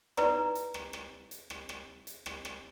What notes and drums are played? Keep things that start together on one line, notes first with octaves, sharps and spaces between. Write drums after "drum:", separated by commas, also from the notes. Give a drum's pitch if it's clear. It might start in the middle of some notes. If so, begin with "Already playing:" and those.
D#4 E4 B4 D5 A#5, drum: rim click
drum: hi-hat
drum: rim click
drum: rim click
drum: hi-hat
drum: rim click
drum: rim click
drum: hi-hat
drum: rim click
drum: rim click